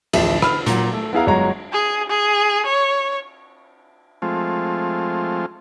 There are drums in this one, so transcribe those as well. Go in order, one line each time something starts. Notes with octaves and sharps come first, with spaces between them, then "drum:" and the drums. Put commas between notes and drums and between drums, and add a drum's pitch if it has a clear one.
D1 A1 F3 G4 E5, drum: cymbal
B5 F6, drum: rim click
A#2 F#3, drum: hi-hat
A3
B3 E4 G#4 F5 A#5
G1 F#3 G#3 C#5 A#5
G#4
G#4
C#5
F3 G#3 A3 C4 F4